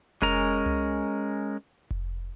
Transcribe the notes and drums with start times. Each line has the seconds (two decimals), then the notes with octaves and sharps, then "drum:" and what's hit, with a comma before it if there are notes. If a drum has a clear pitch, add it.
0.22 G#3 C#4 A#4 A#5, drum: kick F1
0.66 drum: tom C2
1.91 drum: kick F1